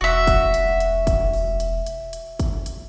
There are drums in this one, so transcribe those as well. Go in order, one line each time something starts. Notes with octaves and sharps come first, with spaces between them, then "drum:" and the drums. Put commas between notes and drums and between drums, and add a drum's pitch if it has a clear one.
E1 F#4 E5
drum: kick, hi-hat
drum: hi-hat
drum: hi-hat
drum: kick, hi-hat
drum: open hi-hat
drum: hi-hat
drum: hi-hat
drum: hi-hat
drum: kick, hi-hat
drum: hi-hat